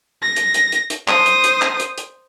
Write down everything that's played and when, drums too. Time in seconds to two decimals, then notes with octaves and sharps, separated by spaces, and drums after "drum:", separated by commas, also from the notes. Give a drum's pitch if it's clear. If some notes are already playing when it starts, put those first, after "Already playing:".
0.22 A#6
0.36 drum: hi-hat
0.54 drum: hi-hat
0.72 drum: hi-hat
0.90 drum: hi-hat
1.08 C5 D#6, drum: clap
1.26 drum: hi-hat
1.44 drum: hi-hat
1.62 drum: clap
1.80 drum: hi-hat
1.98 drum: hi-hat